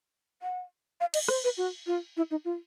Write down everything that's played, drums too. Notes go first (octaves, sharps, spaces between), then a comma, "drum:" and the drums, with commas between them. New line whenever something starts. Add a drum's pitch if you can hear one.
F#5
F5
D#5, drum: cymbal
C5, drum: rim click
B4
F#4
F4
E4
D#4
F4